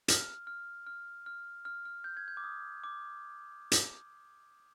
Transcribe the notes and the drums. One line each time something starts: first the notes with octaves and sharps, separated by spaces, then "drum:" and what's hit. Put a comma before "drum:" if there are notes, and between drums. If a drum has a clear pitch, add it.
F6, drum: hi-hat
F6
F6
F6
F6
F6
G6
G#6
G6
D6
D#6
D6
drum: hi-hat